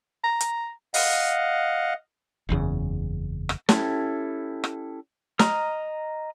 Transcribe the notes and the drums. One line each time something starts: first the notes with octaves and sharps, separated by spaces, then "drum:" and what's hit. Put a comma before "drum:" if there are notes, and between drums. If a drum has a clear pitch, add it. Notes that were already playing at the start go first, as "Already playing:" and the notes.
A#5
drum: hi-hat
D#5 F5 F#5, drum: open hi-hat
F#1 E2 A2 C#3
drum: rim click
C#4 E4 G4 A4, drum: snare
drum: rim click
D#5 A#5 D#6 F6, drum: snare